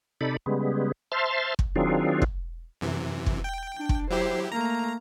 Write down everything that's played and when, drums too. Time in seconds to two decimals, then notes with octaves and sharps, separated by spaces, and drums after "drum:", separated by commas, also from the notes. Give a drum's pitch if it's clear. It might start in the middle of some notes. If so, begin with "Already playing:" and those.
0.21 C3 D#4 A4 D5 B5
0.46 C#3 G3 G#3 B3
1.12 C5 E5 A5 C6 F6
1.59 drum: kick
1.76 D#3 F#3 C4 D4 F4 G#4
2.22 drum: kick
2.81 F#2 C3 E3
3.26 drum: kick
3.44 G5
3.76 D4
3.89 drum: kick
4.10 F#3 E4 G4 C5
4.52 A3 A#3 A#5